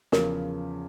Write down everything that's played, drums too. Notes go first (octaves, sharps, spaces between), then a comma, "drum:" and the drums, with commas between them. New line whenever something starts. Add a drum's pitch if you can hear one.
E2 C#3 F3 A#4, drum: snare